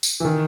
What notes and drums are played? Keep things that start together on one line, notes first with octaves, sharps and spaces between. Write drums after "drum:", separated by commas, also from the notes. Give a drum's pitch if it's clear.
drum: tambourine
E3
D#3